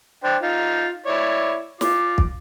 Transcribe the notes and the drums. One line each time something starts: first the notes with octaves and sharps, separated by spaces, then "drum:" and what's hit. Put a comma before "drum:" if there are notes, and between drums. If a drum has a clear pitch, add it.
D4 C5 G5
D#4 F4
E4 C#5 D5
F4 D6, drum: snare
drum: kick